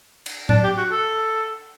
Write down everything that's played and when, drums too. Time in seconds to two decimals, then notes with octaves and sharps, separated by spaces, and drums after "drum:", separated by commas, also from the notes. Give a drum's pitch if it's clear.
0.26 drum: cymbal
0.49 D4, drum: tom A2
0.64 G4
0.77 F#4
0.91 A4